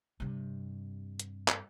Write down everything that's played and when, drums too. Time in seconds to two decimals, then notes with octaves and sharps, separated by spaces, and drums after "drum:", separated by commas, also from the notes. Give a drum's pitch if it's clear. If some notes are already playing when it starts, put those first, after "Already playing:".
0.20 G2 C3
1.20 drum: hi-hat
1.48 drum: clap